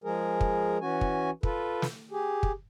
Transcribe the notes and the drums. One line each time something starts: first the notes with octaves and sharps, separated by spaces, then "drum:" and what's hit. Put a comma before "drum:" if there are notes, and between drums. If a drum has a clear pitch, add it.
F3 G#3 G#4 A#4
drum: kick
E3 C#4 F#4 G#5
drum: kick
F4 A4 B4, drum: kick
drum: snare
G4 G#4
drum: kick